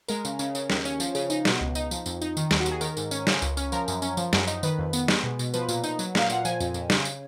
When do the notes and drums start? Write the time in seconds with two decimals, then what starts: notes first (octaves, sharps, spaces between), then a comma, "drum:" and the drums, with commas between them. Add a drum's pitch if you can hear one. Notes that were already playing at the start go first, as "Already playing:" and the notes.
0.08 G#3 A#4, drum: tambourine
0.25 C#3, drum: tambourine
0.39 C#3, drum: tambourine
0.55 C#3, drum: tambourine
0.70 D#2, drum: snare
0.85 C#4, drum: tambourine
1.00 F3, drum: tambourine
1.15 C#3, drum: tambourine
1.30 D#4, drum: tambourine
1.45 B2, drum: snare
1.61 C#2
1.75 D#4, drum: tambourine
1.91 F3, drum: tambourine
2.06 F2, drum: tambourine
2.22 D#4, drum: tambourine
2.37 D#3, drum: tambourine
2.51 D#2, drum: snare
2.60 F#4
2.66 D#2, drum: tambourine
2.71 G#4
2.81 D#3 A#4, drum: tambourine
2.97 G#2, drum: tambourine
3.11 C#4, drum: tambourine
3.27 C#3, drum: snare
3.42 C#2, drum: tambourine
3.57 C#4, drum: tambourine
3.72 F3 A#4, drum: tambourine
3.88 F#2, drum: tambourine
4.02 C#4, drum: tambourine
4.17 F3, drum: tambourine
4.33 F#2, drum: snare
4.48 D#4, drum: tambourine
4.63 D#3 B4, drum: tambourine
4.79 F2
4.93 B3, drum: tambourine
5.08 G#3, drum: snare
5.23 B2
5.39 B2, drum: tambourine
5.54 F3 B4, drum: tambourine
5.69 A#2, drum: tambourine
5.84 D#4, drum: tambourine
5.99 F#3, drum: tambourine
6.15 A#2 F5, drum: snare
6.30 A#2 F#5, drum: tambourine
6.45 F3 G#5, drum: tambourine
6.60 F2, drum: tambourine
6.74 F2, drum: tambourine
6.90 C#3, drum: snare
7.05 drum: tambourine